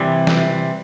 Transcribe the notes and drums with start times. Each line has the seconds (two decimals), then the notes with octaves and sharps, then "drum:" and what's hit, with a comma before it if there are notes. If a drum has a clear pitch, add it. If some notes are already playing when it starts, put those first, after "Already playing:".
Already playing: C3 E3 G3
0.27 drum: snare